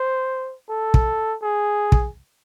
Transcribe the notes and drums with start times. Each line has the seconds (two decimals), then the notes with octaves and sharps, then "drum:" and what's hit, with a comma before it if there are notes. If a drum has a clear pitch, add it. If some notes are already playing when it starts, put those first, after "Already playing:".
Already playing: C5
0.70 A4
0.94 drum: kick
1.43 G#4
1.92 drum: kick